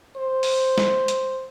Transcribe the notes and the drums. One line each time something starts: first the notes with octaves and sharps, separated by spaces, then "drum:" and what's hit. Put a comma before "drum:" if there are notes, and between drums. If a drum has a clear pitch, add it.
C5
drum: open hi-hat
drum: snare
drum: hi-hat